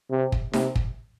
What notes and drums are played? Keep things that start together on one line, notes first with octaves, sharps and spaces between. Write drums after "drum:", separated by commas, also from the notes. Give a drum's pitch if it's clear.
C3
drum: kick
C3, drum: snare D#4
drum: kick